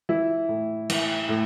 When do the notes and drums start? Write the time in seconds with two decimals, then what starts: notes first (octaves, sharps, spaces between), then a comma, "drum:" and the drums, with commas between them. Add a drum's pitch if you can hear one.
0.09 E3 E4
0.49 A2
0.90 E3, drum: cymbal
1.29 A2